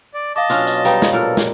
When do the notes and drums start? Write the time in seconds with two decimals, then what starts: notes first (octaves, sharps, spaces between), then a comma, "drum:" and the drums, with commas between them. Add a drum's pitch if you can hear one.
0.14 D5
0.36 D#5 F5 A5 D6
0.50 B2 F#3 C#4 D4 F4, drum: tambourine
0.67 drum: tambourine
0.85 G3 D#4 B4 F5 A#5, drum: tambourine
1.02 drum: snare
1.13 A#2 D4 A4 A#4
1.37 drum: snare